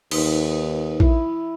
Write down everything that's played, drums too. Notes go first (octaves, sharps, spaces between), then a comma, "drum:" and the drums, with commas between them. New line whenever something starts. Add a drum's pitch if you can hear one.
D#2 D#4 B4, drum: cymbal
E4, drum: kick